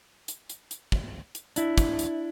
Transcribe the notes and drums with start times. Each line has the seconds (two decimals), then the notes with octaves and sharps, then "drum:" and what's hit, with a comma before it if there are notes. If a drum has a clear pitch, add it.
0.28 drum: hi-hat
0.50 drum: hi-hat
0.71 drum: hi-hat
0.92 drum: kick
1.35 drum: hi-hat
1.56 D4 E4, drum: hi-hat
1.78 drum: kick, hi-hat
1.99 drum: hi-hat